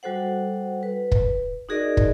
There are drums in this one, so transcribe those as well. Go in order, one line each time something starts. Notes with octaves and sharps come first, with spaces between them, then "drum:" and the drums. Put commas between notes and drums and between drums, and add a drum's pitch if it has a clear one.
G3 F#4 A4 C5 F#5
B4
drum: kick
D#4 F#4 G#4 A#4 D5 D#5
drum: kick